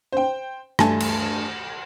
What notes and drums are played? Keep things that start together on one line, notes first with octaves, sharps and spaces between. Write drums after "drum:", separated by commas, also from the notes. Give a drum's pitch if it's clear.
C5 G5
G2 A3 G#5 A5, drum: rim click
drum: cymbal